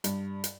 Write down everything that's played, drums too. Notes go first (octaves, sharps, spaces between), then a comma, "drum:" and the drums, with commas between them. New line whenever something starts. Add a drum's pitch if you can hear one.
G2, drum: hi-hat
drum: hi-hat